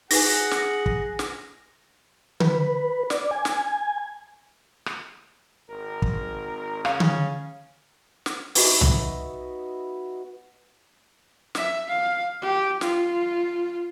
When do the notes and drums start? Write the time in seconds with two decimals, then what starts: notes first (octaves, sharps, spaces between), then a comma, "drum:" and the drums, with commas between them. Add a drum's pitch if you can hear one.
0.11 D#4 G#4 B4 F#5 G#5 A#6, drum: open hi-hat
0.51 drum: snare
0.86 drum: kick
1.19 drum: snare
2.40 B4, drum: tom D3
3.10 D5, drum: snare
3.31 G#5
3.45 drum: snare
4.86 drum: rim click
5.70 G#1 A#4
6.02 drum: kick
6.85 C#3 C#4 F5, drum: rim click
7.00 drum: tom D3
8.26 drum: snare
8.55 B3 D#4 F#4 E5, drum: open hi-hat
8.81 drum: tom C2
11.55 E5, drum: snare
11.88 F5
12.41 G4
12.81 F4, drum: snare